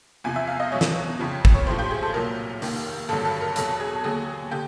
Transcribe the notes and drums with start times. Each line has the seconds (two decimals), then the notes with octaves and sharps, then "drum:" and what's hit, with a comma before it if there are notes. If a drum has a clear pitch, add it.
0.24 E2 C3 F3 G#5
0.36 E5
0.47 F5
0.60 D#5
0.72 E2 B2 F#3 C#5
0.81 drum: snare
1.19 F2 C#3 F3
1.45 drum: kick
1.54 C#5
1.66 B1 A2 F3 C5
1.79 G4
1.90 G#4
2.03 A4
2.14 C2 A#2 F#3 A#4
2.62 F1 D#2 D#3, drum: open hi-hat
3.09 G#1 G2 D3 F#3 A4
3.25 A4
3.41 A#4
3.56 E2 B2 F#3 A4, drum: hi-hat
3.80 G#4
4.04 D#2 D3 F#3 G#4
4.51 D3 G4